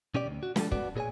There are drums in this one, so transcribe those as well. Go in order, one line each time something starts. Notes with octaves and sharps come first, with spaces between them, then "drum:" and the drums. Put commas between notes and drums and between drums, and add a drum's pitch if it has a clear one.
B2 C#4 G4 D5
D2
F#4
F3 G3 A4, drum: snare
B3 F#4 D5, drum: kick
A#2 G#4 A#4 C#5 G#5